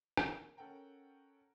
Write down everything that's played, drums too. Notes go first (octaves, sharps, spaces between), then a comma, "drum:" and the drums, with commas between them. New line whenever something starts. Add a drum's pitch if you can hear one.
A#3, drum: rim click
C#4 A4 A#4 F#5 G5 A#5